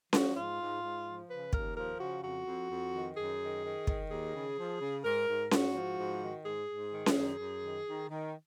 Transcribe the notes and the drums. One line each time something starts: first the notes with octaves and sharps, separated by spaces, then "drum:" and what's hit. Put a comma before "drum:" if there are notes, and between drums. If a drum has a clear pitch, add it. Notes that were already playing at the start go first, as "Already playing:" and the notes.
F3 F#4, drum: snare C#4
G#2 F4
G#2
G#2
F3
C#3 B4
D#2 A#4, drum: kick
F3 A#4
C#3 F#4
F2 F#4
F2
F2
D#3
F#2 G#4
D#3
D#3
D#3, drum: kick
D#2 G#4
C#3
F3
C#3
G#2 A#4
G#2
G#2 F#4, drum: snare C#4
F3
G#2
D#3
G#2 G#4
G#2
D#3
drum: snare C#4
F#2
F#2
D#3
D#3
D#3